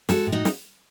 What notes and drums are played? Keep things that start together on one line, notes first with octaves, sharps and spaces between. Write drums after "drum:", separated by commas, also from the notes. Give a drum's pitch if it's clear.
G#3 F#4 A4, drum: snare
A2
D#4 F#4
drum: snare